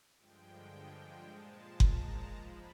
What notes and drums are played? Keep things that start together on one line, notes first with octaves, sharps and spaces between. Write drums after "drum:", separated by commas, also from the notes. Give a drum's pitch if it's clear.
G2 D3 F3 G#3 G5
G5
A#2 F3 G#3 A5
A#5, drum: kick F#1
G#2 F3 G#3 B5